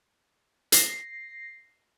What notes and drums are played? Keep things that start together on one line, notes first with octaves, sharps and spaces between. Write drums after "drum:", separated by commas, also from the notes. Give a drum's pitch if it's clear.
A#6 C7, drum: hi-hat